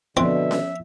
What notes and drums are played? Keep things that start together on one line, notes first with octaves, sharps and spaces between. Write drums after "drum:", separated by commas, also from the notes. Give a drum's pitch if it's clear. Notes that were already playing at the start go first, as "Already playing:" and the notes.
B2 D3 F3 B3 C4 E5 C6
drum: snare C#4